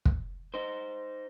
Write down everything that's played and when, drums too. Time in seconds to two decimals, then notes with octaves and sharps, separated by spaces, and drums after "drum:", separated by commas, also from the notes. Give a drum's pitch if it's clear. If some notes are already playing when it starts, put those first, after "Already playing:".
0.05 drum: kick
0.54 D#4 C5